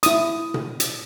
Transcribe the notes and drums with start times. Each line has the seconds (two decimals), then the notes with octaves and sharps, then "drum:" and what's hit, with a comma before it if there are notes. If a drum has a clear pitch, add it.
0.03 E4 D#6, drum: hi-hat
0.54 drum: tom A#2
0.80 drum: hi-hat